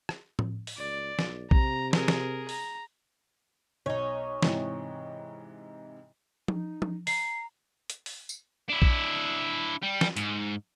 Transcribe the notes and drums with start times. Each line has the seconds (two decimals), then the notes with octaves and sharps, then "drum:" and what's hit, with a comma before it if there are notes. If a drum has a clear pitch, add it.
0.09 drum: rim click
0.39 drum: tom A2
0.67 drum: open hi-hat
0.78 C#2 D5
1.19 B1, drum: snare
1.51 C3 A#5, drum: kick A#1
1.93 G#4 A#4, drum: snare
2.08 drum: snare
2.49 A#5, drum: open hi-hat
3.86 B1 D#4 C#5
4.42 G#2 C3 E3, drum: snare
6.48 D#4, drum: tom F3
6.82 drum: tom F3
7.07 A#5 C7, drum: open hi-hat
7.90 drum: hi-hat
8.06 drum: open hi-hat
8.29 drum: tambourine
8.69 D4 E4
8.82 drum: kick A#1
9.83 G3
10.01 drum: snare
10.17 G#2, drum: hi-hat